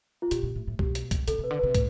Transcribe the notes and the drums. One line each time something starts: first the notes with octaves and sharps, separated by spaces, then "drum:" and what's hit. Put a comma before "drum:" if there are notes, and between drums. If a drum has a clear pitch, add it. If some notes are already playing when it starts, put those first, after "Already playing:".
F4
B2 G4, drum: hi-hat
B2
A2
A2
B2 G4, drum: kick
drum: hi-hat
drum: kick, hi-hat
C3 A4, drum: hi-hat
C3 B4
D3
C3 B4
A2, drum: kick, hi-hat